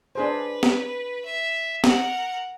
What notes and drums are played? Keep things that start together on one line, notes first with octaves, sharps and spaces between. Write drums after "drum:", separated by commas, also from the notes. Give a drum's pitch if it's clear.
D4 G#4 B4 C5
drum: snare
E5
A#4 F#5, drum: snare